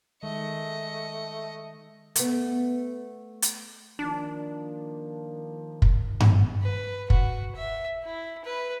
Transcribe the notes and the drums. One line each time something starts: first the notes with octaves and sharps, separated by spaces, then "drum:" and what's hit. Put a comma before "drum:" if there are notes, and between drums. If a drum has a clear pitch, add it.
D#3 G#3 A3 D#5 C#7
A3 B3, drum: hi-hat
drum: hi-hat
D#3 F3 A#3 D4
drum: kick
drum: tom G2
B4
F#4, drum: kick
E5
E4
B4